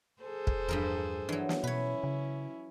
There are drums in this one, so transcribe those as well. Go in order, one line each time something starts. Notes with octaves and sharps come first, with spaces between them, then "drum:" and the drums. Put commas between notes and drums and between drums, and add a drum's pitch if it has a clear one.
G#4 A4 C5
drum: kick
E2 G2 F3 A#4
E3 F#3 D4
drum: snare
B2 C#4 E4 B4 C#5
C#3